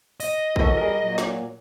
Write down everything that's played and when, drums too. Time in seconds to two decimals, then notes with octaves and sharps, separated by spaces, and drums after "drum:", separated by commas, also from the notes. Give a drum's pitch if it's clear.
0.20 D#5, drum: open hi-hat
0.56 E3 F#3 F#4 A4 A#4, drum: kick A#1
0.77 G3 G#4 A#4
1.00 A#2 F#3
1.18 drum: snare